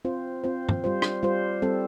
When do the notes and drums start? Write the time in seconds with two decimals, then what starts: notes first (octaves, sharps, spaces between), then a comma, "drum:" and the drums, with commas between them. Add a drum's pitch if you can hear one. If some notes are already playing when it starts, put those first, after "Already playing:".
0.05 C4 F4 C5
0.44 C4 F4 C5
0.69 drum: tom
0.84 G3 F4 C5
1.02 drum: rim click
1.23 G3 F4 C5
1.62 G3 C4 A4